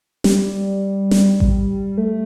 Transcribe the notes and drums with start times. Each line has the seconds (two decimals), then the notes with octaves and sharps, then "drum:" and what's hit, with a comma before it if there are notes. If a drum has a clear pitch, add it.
0.24 G3, drum: snare
1.11 drum: snare
1.40 drum: kick A1
1.98 A3